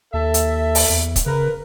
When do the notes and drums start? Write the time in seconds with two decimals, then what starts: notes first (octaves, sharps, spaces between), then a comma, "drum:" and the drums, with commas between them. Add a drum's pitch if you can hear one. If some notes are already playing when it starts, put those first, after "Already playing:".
0.14 D#2 A4 E5
0.34 drum: hi-hat
0.75 drum: open hi-hat
0.90 E2
1.16 drum: kick, hi-hat
1.26 C#3 A#4 B4